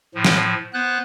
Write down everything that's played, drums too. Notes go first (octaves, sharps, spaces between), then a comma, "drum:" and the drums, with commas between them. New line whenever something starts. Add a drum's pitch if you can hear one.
A2 F3
drum: snare
B3 C5 F#6